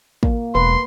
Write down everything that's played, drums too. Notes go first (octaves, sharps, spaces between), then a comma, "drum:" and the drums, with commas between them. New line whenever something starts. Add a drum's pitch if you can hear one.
A#3, drum: kick
E1 B4 C6